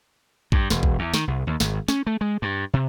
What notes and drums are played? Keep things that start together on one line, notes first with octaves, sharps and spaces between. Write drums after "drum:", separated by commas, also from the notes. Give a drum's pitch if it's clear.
G2, drum: kick
E1, drum: snare
drum: kick
E2
D#3, drum: snare
C2
D#2
G#1, drum: snare
C#4, drum: snare
A3
G#3
G2
C3